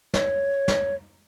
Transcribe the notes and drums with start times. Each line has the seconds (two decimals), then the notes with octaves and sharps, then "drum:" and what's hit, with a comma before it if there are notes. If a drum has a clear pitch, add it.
0.14 C#5, drum: snare
0.68 drum: snare